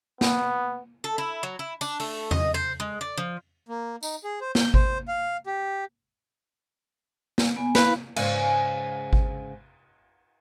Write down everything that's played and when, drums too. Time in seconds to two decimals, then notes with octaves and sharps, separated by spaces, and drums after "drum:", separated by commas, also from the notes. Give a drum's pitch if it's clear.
0.21 B3, drum: snare
1.04 A4
1.18 E4
1.43 F#3
1.59 E4
1.81 D4, drum: tambourine
2.00 A3, drum: open hi-hat
2.31 D#5, drum: tom E2
2.54 C5
2.80 G#3
3.01 D5
3.18 F3
3.68 A#3
4.03 D#4, drum: tambourine
4.24 G#4
4.41 C5
4.55 G6, drum: snare
4.74 C5, drum: kick G#1
5.08 F5
5.46 G4
7.38 drum: snare
7.56 B3 G#5
7.75 E4 B4 F5, drum: snare
8.16 G#2 C#3 D5 F5 G#5, drum: cymbal
9.13 drum: kick G#1